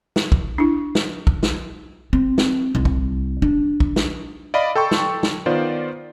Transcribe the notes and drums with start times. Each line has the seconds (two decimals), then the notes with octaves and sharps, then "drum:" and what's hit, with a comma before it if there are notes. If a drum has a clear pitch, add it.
0.16 drum: snare
0.32 drum: kick
0.58 D4 E4
0.95 drum: snare
1.27 drum: kick
1.43 drum: snare
2.13 C4
2.38 drum: snare
2.75 C2
2.85 drum: kick
3.42 D4
3.80 drum: kick
3.96 drum: snare
4.54 D5 D#5 F5 B5
4.75 A4 G5 C6 C#6
4.91 drum: snare
5.23 drum: snare
5.46 D#3 B3 F4 C5 D5